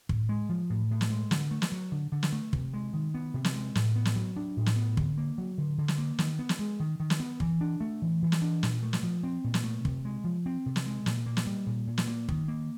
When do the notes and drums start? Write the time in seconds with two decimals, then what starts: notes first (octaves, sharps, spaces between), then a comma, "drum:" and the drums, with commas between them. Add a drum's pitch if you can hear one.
0.09 A2, drum: kick
0.29 G#3
0.49 F3
0.70 A2
0.91 A2
1.01 drum: snare
1.10 G#3
1.31 D3, drum: snare
1.51 A3
1.62 drum: snare
1.72 F#3
1.92 D3
2.12 D3
2.23 drum: snare
2.32 A3
2.53 C3, drum: kick
2.74 G#3
2.93 D#3
3.14 B3
3.34 C3
3.44 drum: snare
3.54 G#3
3.75 A2, drum: snare
3.96 B3
4.05 drum: snare
4.16 F#3
4.36 D4
4.57 A2
4.66 drum: snare
4.76 B3
4.97 D3, drum: kick
5.18 A#3
5.38 F#3
5.58 D3
5.78 D3
5.88 drum: snare
5.98 A#3
6.19 D#3, drum: snare
6.39 B3
6.49 drum: snare
6.59 G#3
6.80 D#3
7.00 D#3
7.10 drum: snare
7.20 B3
7.40 E3, drum: kick
7.61 D4
7.81 A3
8.02 E3
8.22 E3
8.32 drum: snare
8.42 D4
8.63 A#2, drum: snare
8.83 A3
8.93 drum: snare
9.03 F3
9.23 C4
9.44 A#2
9.54 drum: snare
9.64 A3
9.85 C3, drum: kick
10.05 G#3
10.24 F3
10.46 C4
10.66 C3
10.76 drum: snare
10.86 G#3
11.06 A#2, drum: snare
11.26 A#3
11.37 drum: snare
11.47 G3
11.66 A#2
11.87 A#2
11.98 drum: snare
12.08 A#3
12.29 D#3, drum: kick
12.48 A#3